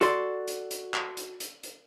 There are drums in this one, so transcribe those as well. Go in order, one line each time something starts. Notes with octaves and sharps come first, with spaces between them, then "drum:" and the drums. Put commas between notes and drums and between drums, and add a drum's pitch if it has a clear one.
F#4 A4 D5 C6, drum: hi-hat
drum: hi-hat
drum: hi-hat
drum: clap
drum: hi-hat
drum: hi-hat
drum: hi-hat